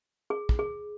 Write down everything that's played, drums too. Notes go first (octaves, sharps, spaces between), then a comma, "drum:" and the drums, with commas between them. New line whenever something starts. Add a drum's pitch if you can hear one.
G#4
drum: kick
G#4